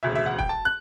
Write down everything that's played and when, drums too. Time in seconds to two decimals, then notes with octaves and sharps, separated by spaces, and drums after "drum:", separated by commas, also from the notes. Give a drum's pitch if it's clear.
0.03 E1 D2 C#3 E5
0.15 E5
0.26 F#5
0.39 G5, drum: kick
0.49 A5
0.65 F#6